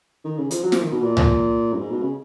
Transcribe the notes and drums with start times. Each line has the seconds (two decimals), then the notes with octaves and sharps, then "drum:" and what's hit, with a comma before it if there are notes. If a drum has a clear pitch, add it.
0.25 D#3
0.38 C#3
0.51 F3, drum: hi-hat
0.63 F#3
0.72 F3, drum: snare
0.82 D#3
0.92 B2
1.02 A#2
1.17 drum: tom
1.73 F#2
1.78 G#2
1.90 B2
2.02 C#3